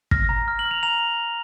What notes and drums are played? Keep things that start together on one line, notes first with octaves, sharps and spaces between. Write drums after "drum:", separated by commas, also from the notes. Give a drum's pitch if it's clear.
F6 A#6, drum: kick
A#5
F6
F#7
F6
F7
A#5 F7